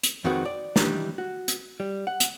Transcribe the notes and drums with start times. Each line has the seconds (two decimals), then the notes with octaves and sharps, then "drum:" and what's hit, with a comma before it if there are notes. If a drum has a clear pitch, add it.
0.03 drum: hi-hat
0.25 F2 D#3 G#3 C4 F#4 B4
0.45 D5
0.76 D#3 E3 G3 D4 D#4, drum: snare
1.18 F#4
1.48 drum: hi-hat
1.80 G3
2.07 F#5
2.20 drum: hi-hat